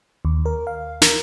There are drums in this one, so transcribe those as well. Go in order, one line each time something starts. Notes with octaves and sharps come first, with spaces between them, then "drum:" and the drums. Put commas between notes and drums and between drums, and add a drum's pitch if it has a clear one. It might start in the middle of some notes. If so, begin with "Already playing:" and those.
D#2
A#4
F5
A#4, drum: snare